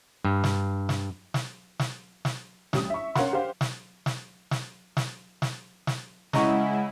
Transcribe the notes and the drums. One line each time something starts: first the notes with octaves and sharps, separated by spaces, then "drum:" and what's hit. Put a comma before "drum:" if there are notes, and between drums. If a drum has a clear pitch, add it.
G2
drum: snare
drum: snare
drum: snare
drum: snare
drum: snare
A1 G3 D#6, drum: snare
E5 C#6
C#4 A#4 C#5 F5 F#5 C6, drum: snare
G4 C5 F5 F#5
drum: snare
drum: snare
drum: snare
drum: snare
drum: snare
drum: snare
C#3 G#3 E4 D#5 F#5 A#5 C#6, drum: snare